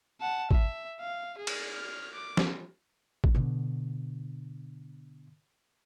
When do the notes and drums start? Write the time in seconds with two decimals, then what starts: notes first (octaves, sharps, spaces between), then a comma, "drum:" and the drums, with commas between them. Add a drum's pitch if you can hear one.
0.21 F#5 A5
0.51 E5, drum: kick
1.01 F5
1.38 G#4
1.47 drum: cymbal
1.73 F6
2.14 D6
2.37 drum: snare
3.24 drum: kick
3.35 B2 D3